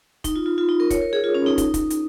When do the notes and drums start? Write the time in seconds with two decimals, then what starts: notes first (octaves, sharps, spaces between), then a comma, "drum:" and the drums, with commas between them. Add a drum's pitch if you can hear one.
0.24 D#4, drum: kick, hi-hat
0.36 F4
0.46 F4
0.58 F4
0.69 D#4
0.80 A#4
0.91 C#5, drum: kick, hi-hat
1.02 A#4
1.13 G#4
1.24 F4
1.34 C#4
1.46 D#4
1.58 D#4, drum: kick, hi-hat
1.74 drum: kick, hi-hat
1.90 drum: hi-hat